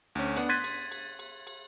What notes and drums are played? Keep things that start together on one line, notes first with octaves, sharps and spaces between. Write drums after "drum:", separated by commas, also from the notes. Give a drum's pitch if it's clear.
D2 C#4
B3 D4 F#5, drum: cymbal
C6 F#6 G#6 A6 B6 D#7
drum: cymbal
drum: cymbal
drum: cymbal
drum: cymbal